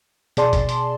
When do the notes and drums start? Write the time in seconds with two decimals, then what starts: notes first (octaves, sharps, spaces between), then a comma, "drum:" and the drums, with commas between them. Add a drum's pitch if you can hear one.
0.37 B2 G#4 D5 A5 C6, drum: hi-hat
0.53 drum: kick, hi-hat
0.69 drum: hi-hat